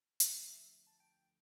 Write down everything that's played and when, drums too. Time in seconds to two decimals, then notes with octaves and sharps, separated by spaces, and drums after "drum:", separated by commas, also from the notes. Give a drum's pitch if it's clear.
0.20 D2 D3 F3 E5, drum: hi-hat
0.47 E5
0.87 A5
1.00 G5